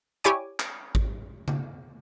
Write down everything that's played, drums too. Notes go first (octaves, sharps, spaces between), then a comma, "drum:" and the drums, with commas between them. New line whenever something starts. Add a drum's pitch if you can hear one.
E4 G4 C#5 D5 G#5 D6
drum: clap
drum: kick G#1
drum: tom C#3